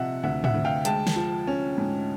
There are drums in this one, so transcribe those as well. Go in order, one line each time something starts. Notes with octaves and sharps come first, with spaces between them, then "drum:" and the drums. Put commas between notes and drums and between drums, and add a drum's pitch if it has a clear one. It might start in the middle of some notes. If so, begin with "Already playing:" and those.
Already playing: C3 F3 D#5 E5 F#5
D2 E5 F#5
E5 F#5, drum: tom
D2
F5 G5
G#3 G5 A5, drum: hi-hat
drum: snare
F3
C#4
G#2